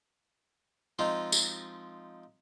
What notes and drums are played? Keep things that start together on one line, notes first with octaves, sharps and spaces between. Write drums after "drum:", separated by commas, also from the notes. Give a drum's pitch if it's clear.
F3 G#3 C4 D#4 F4
drum: tambourine